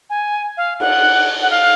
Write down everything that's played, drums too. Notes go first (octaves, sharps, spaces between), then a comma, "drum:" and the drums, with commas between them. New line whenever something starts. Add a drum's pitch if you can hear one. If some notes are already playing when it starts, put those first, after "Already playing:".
G#5
F5
F#5, drum: cymbal
F#5
F5